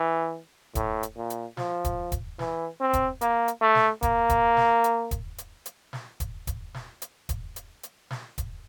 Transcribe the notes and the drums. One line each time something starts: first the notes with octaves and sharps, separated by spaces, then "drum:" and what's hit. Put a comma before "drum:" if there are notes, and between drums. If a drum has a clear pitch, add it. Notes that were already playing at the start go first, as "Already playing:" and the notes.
Already playing: E3
A2, drum: kick, hi-hat
drum: hi-hat
A#2
drum: hi-hat
F3, drum: snare
drum: kick, hi-hat
drum: kick, hi-hat
E3, drum: snare
C4
drum: kick, hi-hat
A#3, drum: hi-hat
drum: hi-hat
A3
drum: snare
A#3, drum: kick, hi-hat
drum: kick, hi-hat
drum: snare
drum: hi-hat
drum: kick, hi-hat
drum: hi-hat
drum: hi-hat
drum: snare
drum: kick, hi-hat
drum: kick, hi-hat
drum: snare
drum: hi-hat
drum: kick, hi-hat
drum: hi-hat
drum: hi-hat
drum: snare
drum: kick, hi-hat